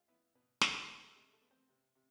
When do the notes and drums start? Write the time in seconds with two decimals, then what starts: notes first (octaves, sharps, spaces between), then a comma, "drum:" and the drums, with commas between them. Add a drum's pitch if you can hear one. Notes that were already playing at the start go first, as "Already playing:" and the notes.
Already playing: G#3 F4 F5
0.08 B3 E4 E5
0.35 B2 B3 B4
0.61 B2 G#3 G#4, drum: snare
0.89 G#3 C4 C5
1.02 A3 A4
1.15 C3 G#3 G#4
1.33 A3 A4
1.42 B3
1.51 C4 C5
1.69 C3
1.95 C3